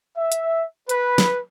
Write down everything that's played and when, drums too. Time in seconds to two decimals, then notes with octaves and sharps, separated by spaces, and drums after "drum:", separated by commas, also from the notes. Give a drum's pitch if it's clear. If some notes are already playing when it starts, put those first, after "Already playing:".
0.17 E5
0.32 drum: hi-hat
0.89 B4, drum: hi-hat
1.18 drum: snare